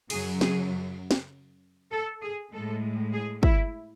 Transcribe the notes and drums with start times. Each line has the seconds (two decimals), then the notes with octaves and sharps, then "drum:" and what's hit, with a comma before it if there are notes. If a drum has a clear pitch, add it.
0.10 F#2 C#3 F#3 G#4, drum: cymbal
0.41 G#4, drum: snare
1.11 drum: snare
1.92 A4
2.22 G#4
2.52 A2 G#3 A4
3.12 G#4
3.43 E4, drum: kick